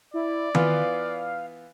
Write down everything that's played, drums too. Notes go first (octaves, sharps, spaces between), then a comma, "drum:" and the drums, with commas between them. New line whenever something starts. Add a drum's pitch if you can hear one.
E4 D5
E3 B3 F4 F5, drum: tom D#3